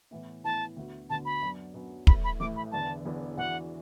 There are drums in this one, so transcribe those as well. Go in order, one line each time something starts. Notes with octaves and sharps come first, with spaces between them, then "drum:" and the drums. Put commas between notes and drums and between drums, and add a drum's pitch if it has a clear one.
A2 E3 B3
A2 E3 B3 A5
D2 D3 B3 F#4
D2 D3 B3 F#4 A5
B5
F#2 F#3 B3 D4
F#2 F#3 B3 D4
A1 A2 A3 E4 B5, drum: kick
B5
A1 A2 A3 E4 D6
B5
E1 E2 D3 B3 D4 A5
E1 E2 D3 B3 D4
E2 E3 D4 F#4 F#5